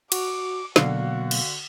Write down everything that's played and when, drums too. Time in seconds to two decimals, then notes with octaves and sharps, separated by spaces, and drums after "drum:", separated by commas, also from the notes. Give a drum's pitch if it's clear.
0.12 F#4 D6, drum: cymbal
0.76 B2 D3 F#3 A#3 F#4 F5, drum: snare
1.31 drum: cymbal